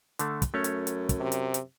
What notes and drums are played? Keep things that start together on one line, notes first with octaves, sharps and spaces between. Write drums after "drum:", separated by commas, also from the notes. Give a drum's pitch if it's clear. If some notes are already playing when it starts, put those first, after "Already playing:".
D3 A3, drum: hi-hat
drum: kick, hi-hat
F#2 A3 C#4 C#5
drum: hi-hat
drum: hi-hat
drum: kick, hi-hat
C3
drum: hi-hat
drum: hi-hat